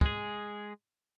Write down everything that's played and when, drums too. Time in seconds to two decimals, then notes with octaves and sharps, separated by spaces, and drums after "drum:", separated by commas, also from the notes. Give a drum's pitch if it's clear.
0.01 G#3 G#4, drum: kick